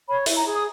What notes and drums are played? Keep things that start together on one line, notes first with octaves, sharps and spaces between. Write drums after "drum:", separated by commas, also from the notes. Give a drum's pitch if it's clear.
C#5 B5
E4, drum: open hi-hat
A#5
G#4
D#6